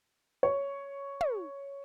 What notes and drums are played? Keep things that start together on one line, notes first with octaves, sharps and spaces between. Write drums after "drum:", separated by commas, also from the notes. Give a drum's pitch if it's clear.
C#5
drum: tom